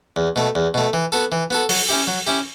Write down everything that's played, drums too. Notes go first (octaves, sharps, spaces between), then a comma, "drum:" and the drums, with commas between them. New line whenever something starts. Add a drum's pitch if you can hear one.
E2
B2 A3
E2
B2 A3
E3
B3 F#4 A4
E3
B3 F#4 A4
F#3, drum: open hi-hat
C#4 E4 G4
F#3
C#4 E4 G4